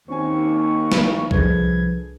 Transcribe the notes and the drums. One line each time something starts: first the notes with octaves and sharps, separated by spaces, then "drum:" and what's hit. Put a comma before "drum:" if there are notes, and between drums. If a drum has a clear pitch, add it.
D#2 C4 C#4 G#5 C#6
drum: snare
C2 F3 D4 G#4 A4 B4 G#6, drum: kick C2